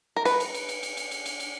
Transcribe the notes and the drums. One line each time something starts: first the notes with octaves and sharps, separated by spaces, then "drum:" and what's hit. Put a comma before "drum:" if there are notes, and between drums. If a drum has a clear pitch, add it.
A#4
B4, drum: cymbal
drum: cymbal
drum: cymbal
drum: cymbal
drum: cymbal
drum: cymbal
drum: cymbal
drum: cymbal
drum: cymbal